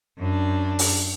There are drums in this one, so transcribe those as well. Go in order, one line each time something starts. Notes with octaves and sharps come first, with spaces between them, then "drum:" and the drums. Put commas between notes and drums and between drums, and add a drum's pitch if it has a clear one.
F#2 D4
drum: open hi-hat